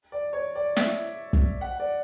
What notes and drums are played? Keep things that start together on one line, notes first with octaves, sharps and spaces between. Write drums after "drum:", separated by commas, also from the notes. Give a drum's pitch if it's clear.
D5
C#5
D5
E5, drum: snare
drum: kick
F#5
D5